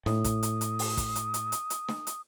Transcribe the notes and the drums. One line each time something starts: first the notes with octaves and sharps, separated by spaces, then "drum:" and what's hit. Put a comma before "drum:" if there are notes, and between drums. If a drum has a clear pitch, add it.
A2 D#6, drum: snare
drum: kick, hi-hat
drum: hi-hat
drum: hi-hat
drum: open hi-hat
drum: kick, hi-hat
drum: hi-hat
drum: hi-hat
drum: hi-hat
drum: hi-hat
drum: snare
drum: hi-hat